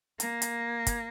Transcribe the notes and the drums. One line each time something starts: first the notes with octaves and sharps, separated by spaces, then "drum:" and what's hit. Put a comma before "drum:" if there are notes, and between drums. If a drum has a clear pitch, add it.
A#3, drum: hi-hat
drum: hi-hat
drum: kick, hi-hat